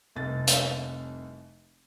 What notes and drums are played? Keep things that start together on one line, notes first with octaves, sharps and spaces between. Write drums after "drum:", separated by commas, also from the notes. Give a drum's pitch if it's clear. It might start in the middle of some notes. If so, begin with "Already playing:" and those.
F1 C2 A6
drum: hi-hat